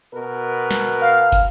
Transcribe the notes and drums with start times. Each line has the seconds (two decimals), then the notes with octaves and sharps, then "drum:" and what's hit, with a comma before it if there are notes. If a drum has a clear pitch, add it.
0.13 B2 A#4 B4
0.71 drum: snare
1.01 F5
1.32 drum: kick, hi-hat